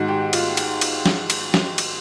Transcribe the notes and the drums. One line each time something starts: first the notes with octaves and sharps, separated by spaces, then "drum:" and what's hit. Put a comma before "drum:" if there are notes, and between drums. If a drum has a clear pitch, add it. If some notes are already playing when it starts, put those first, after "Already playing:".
Already playing: G#2 D#3 G#3 F#4
G4
F4, drum: cymbal
drum: cymbal
drum: cymbal
drum: snare
drum: cymbal
drum: snare
drum: cymbal